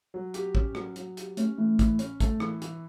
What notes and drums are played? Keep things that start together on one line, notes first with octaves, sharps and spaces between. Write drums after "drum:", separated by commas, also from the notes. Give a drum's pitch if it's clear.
F#3
G4, drum: hi-hat
C#4, drum: kick
F#3, drum: rim click
F#3, drum: hi-hat
G4, drum: hi-hat
A3 C#4, drum: hi-hat
E3 A3
E3, drum: kick, hi-hat
C#4, drum: hi-hat
A3, drum: kick, hi-hat
E3, drum: rim click
E3, drum: hi-hat